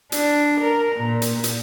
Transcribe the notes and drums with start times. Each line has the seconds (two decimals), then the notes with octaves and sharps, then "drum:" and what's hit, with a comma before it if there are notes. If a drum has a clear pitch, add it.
0.12 D4, drum: hi-hat
0.60 A#4
0.95 A#2
1.22 drum: hi-hat
1.44 drum: hi-hat